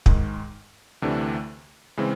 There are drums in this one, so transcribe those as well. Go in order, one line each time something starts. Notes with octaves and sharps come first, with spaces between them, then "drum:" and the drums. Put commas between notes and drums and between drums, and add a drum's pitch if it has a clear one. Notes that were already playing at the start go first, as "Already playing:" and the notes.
G#2 D#3 G#3, drum: kick
D2 C3 E3 A3 D4
C#3 E3 G#3 C4